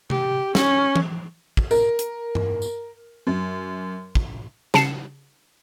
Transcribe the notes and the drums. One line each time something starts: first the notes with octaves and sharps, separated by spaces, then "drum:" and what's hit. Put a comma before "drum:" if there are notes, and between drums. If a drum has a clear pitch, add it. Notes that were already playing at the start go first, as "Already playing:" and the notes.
G4, drum: tom C3
C#4, drum: snare
drum: tom
drum: kick
A#4, drum: tambourine
drum: hi-hat
drum: tom G2
drum: tambourine
F#2
drum: kick
C#3 A5 C7 C#7 E7, drum: snare